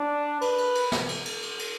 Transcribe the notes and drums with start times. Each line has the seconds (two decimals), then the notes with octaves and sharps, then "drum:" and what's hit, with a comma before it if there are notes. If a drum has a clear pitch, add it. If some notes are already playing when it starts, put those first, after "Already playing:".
Already playing: D4
0.41 B4, drum: cymbal
0.58 drum: cymbal
0.75 drum: cymbal
0.92 drum: snare
1.09 drum: cymbal
1.25 drum: cymbal
1.42 drum: cymbal
1.59 drum: cymbal